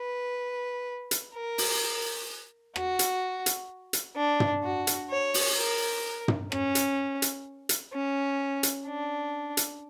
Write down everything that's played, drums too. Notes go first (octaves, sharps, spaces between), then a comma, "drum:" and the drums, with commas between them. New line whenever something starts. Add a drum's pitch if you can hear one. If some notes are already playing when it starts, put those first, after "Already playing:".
Already playing: B4
drum: hi-hat
A#4
drum: open hi-hat
F#4, drum: rim click
drum: hi-hat
drum: hi-hat
drum: hi-hat
D4
drum: tom
F#4
drum: hi-hat
C#5
drum: open hi-hat
A#4
drum: tom
C#4, drum: rim click
drum: hi-hat
drum: hi-hat
drum: hi-hat
C#4
drum: hi-hat
D4
drum: hi-hat